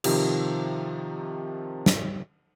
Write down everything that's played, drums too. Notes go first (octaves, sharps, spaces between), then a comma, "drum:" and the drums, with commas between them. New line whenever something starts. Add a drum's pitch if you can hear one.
C3 D#3 F3 G4, drum: cymbal
drum: snare